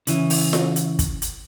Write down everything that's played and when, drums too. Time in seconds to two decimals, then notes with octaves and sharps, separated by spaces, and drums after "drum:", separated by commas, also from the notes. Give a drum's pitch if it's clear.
0.07 C#3 E3, drum: hi-hat
0.30 drum: open hi-hat
0.53 drum: snare F4
0.76 drum: hi-hat
0.99 drum: kick, hi-hat
1.22 drum: hi-hat